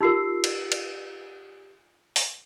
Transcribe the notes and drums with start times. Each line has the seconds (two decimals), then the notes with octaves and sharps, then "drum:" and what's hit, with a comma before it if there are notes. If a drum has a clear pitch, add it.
0.01 D#4 F4 G4 A#4 E6 C7
0.44 drum: cymbal
0.72 drum: cymbal
2.16 drum: open hi-hat